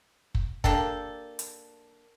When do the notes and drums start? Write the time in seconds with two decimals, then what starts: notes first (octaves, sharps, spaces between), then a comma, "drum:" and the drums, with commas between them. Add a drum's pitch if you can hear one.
0.35 drum: kick
0.64 A#3 D4 G4 A4, drum: kick
1.39 drum: hi-hat